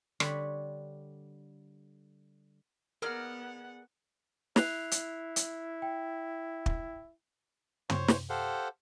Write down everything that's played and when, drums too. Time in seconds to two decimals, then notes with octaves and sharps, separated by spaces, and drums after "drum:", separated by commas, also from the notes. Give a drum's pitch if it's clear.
0.20 D3 G3 C#5 B5 C6, drum: rim click
3.02 B3 G#4 A#4 D5 F#5 F6
4.56 E4 F#6 C7 F7, drum: snare
4.91 drum: hi-hat
5.36 drum: hi-hat
5.82 G5
6.66 drum: kick
7.90 C5 C#5 C6 C#6, drum: tom
8.08 drum: snare
8.30 G4 A4 C5 F5 F#5